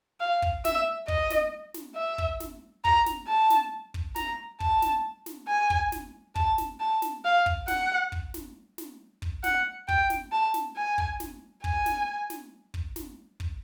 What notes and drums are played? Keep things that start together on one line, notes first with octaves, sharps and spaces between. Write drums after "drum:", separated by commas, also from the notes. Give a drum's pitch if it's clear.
F5
drum: kick
E5, drum: snare
D#5, drum: kick
drum: snare
drum: snare
E5
drum: kick
drum: snare
A#5, drum: kick
drum: snare
A5
drum: snare
drum: kick
A#5, drum: snare
A5, drum: kick
drum: snare
drum: snare
G#5
drum: kick
drum: snare
A5, drum: kick
drum: snare
A5
drum: snare
F5
drum: kick
F#5, drum: snare
drum: kick
drum: snare
drum: snare
drum: kick
F#5, drum: snare
G5, drum: kick
drum: snare
A5
drum: snare
G#5
drum: kick
drum: snare
G#5, drum: kick
drum: snare
drum: snare
drum: kick
drum: snare
drum: kick